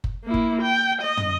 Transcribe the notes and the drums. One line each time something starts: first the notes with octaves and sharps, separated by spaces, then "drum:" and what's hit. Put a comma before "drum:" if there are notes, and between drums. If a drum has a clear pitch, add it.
drum: kick F#1
A#3 E4
drum: kick F#1
G5
D#5
drum: tom